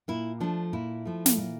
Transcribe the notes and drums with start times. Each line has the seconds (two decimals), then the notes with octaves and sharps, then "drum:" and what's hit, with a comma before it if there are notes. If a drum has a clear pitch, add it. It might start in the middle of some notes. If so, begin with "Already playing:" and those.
0.08 A#2 E4
0.40 F3 A3 D4
0.73 A#2 E4
1.05 F3 A3
1.26 drum: snare
1.37 A#2